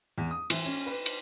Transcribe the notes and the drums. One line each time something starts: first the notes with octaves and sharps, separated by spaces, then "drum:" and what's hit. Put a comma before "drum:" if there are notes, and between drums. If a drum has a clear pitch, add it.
E2
D#6
E3, drum: cymbal
C#4
B4
drum: cymbal